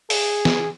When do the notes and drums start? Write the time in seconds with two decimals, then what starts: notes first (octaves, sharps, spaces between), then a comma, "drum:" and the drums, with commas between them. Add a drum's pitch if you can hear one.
0.10 G#4, drum: open hi-hat
0.45 drum: snare